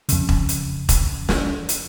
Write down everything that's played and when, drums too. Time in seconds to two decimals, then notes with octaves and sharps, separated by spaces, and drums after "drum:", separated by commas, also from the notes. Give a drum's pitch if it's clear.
0.09 F2 C#3, drum: hi-hat
0.29 drum: kick E1
0.49 drum: hi-hat
0.89 drum: kick E1, hi-hat
1.29 drum: snare
1.69 drum: hi-hat